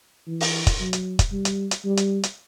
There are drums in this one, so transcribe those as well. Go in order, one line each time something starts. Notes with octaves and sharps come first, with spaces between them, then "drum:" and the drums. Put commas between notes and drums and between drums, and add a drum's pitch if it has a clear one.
E3
drum: open hi-hat
drum: kick, hi-hat
F#3
drum: hi-hat
drum: kick, hi-hat
G3
drum: hi-hat
drum: hi-hat
G3
drum: hi-hat
drum: hi-hat